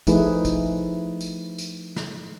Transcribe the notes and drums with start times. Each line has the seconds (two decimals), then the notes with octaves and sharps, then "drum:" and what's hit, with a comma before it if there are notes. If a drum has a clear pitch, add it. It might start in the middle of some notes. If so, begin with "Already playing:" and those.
0.07 F3 A3 D#4 E4 G#4 B4, drum: kick, tambourine
0.45 drum: kick, tambourine
1.21 drum: tambourine
1.58 drum: tambourine
1.96 drum: snare